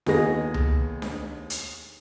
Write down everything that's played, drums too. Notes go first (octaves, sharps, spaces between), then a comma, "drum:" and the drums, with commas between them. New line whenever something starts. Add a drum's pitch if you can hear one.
D#2 B3 D#4 G#4 A#6, drum: snare D4
drum: tom C#2
drum: snare D4
drum: hi-hat